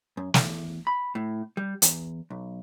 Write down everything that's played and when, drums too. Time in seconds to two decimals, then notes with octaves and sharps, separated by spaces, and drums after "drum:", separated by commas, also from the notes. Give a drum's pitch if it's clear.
0.17 F#2
0.34 E2, drum: snare
0.87 B5
1.15 A2
1.57 G3
1.82 E2, drum: hi-hat
2.30 B1